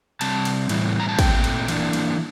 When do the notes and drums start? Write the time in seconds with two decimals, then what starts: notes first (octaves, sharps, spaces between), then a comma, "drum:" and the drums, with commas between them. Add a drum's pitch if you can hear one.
0.21 C3 G3 C4 A5, drum: cymbal
0.45 drum: cymbal
0.69 A2 E3 G3 C4, drum: cymbal
1.00 A#5
1.09 A5
1.19 A#2 A3 C4 G5, drum: kick, cymbal
1.44 drum: cymbal
1.68 E3 A#3 D4, drum: cymbal
1.93 drum: cymbal